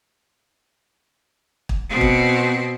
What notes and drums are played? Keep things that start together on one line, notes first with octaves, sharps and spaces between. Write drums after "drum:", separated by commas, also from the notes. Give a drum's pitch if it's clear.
drum: kick
B2 C4
drum: kick